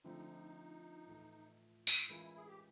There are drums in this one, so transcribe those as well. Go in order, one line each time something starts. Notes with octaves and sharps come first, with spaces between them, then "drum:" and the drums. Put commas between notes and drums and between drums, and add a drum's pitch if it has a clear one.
D3 F3 A3 C4 D#4
A2 E3 A3
drum: tambourine
E3 G#3 C#4 E4 F4 A#4
G#4
G4